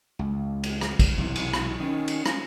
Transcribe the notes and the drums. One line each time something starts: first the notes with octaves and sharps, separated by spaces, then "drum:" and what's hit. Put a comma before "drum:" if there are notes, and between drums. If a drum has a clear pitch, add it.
C#2
drum: cymbal
drum: rim click
drum: kick, cymbal
B1 C3 E3
drum: cymbal
drum: rim click
D#3 C#4
drum: cymbal
drum: rim click